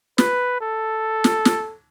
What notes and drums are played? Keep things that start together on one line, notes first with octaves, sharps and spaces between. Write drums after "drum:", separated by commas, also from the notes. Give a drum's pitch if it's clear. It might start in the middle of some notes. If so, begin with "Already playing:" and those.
B4, drum: snare
A4
drum: snare
drum: snare